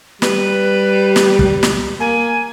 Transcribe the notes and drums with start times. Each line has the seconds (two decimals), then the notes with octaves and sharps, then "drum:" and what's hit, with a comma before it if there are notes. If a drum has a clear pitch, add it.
0.22 G3 B4, drum: snare
1.16 drum: snare
1.39 drum: kick
1.63 drum: snare
2.00 A#3 G#5